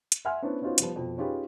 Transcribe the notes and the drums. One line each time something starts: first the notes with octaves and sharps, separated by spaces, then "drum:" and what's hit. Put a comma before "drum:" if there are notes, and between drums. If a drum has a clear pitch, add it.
drum: hi-hat
E5 F#5 G#5 C6 F6
B3 C#4 D4 E4 C5
B3 C#4 D#4 F4 F#4 C5
F3 G3 B3, drum: hi-hat
F2 B2
C#4 D#4 F4 G4 G#4 B4